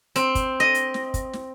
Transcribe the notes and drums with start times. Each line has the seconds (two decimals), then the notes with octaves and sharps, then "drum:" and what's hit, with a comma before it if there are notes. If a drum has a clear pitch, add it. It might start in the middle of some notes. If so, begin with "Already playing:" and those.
0.16 C4, drum: hi-hat
0.35 drum: kick, hi-hat
0.60 D#5
0.74 drum: hi-hat
0.94 drum: snare
1.14 drum: kick, hi-hat
1.33 drum: snare